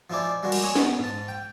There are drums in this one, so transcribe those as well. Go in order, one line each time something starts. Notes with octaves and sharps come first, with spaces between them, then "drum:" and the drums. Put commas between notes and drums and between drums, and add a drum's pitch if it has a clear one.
F3 D#4 E4 G#4 D5
G3 G#3 D4 F#4 A#4
drum: cymbal
G#3 G#4 C#5
B3, drum: snare
G#2 A5
G5